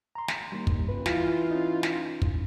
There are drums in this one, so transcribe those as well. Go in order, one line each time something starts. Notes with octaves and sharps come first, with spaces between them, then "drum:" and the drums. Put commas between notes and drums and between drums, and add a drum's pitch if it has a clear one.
A#5 C6
drum: snare
D#2 G3
drum: kick
D#1 B4
E3 F4, drum: snare
C#4 D#4
drum: snare
drum: kick